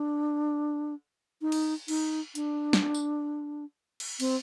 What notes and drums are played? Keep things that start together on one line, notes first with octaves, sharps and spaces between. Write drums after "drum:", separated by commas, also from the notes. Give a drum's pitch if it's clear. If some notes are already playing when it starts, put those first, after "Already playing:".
Already playing: D4
D#4
drum: cymbal
D#4, drum: cymbal
D4, drum: hi-hat
drum: snare
drum: tambourine
drum: cymbal
C4, drum: cymbal